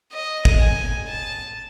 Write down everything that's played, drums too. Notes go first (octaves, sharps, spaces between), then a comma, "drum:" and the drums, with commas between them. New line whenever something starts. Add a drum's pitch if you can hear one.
D#5
drum: kick
G#5
A5